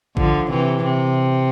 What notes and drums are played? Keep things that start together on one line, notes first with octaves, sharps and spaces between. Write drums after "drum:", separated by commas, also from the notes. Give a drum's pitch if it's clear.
D3 F3, drum: kick A1
C3 E3
C3